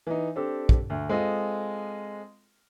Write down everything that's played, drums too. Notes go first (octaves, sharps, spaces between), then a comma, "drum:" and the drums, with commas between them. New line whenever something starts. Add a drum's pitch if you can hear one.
E3 D#4
C4 D4 G4 A4
drum: kick
D2
G#3 C4 F4 A4 D#5